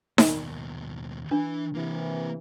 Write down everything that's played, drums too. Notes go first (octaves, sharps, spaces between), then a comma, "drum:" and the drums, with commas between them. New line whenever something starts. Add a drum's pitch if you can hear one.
D#2 B2, drum: snare D#4
E3 D4 B4
C3 E3 A#3 B4